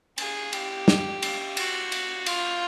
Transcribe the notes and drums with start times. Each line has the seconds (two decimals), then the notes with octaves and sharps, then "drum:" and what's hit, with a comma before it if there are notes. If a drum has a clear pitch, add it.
0.18 G#4, drum: cymbal
0.53 G4, drum: cymbal
0.88 drum: snare
1.22 drum: cymbal
1.57 F#4, drum: cymbal
1.92 drum: cymbal
2.26 F4, drum: cymbal